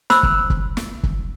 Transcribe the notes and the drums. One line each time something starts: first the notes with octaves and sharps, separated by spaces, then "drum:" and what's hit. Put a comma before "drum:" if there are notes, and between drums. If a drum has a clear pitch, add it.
C5 B5 E6, drum: snare
drum: kick
drum: kick
drum: snare
drum: kick